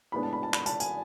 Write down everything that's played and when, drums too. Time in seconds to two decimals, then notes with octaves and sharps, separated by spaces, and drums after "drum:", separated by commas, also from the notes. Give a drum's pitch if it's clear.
0.12 A2 G#3 B3 D4 B5
0.23 A5
0.33 B5
0.43 A5
0.54 B5, drum: clap
0.66 A5, drum: tambourine
0.80 G#5, drum: tambourine